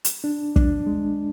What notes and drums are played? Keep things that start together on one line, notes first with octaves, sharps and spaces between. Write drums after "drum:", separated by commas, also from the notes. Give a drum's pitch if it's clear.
drum: hi-hat
D4
D4, drum: kick
G#3